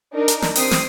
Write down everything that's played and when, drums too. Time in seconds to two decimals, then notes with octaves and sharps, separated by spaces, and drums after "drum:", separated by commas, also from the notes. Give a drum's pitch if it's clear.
0.13 D4 D#4 A#4
0.28 drum: hi-hat
0.42 drum: snare
0.56 C4 G4 D#6 C7, drum: open hi-hat
0.71 drum: snare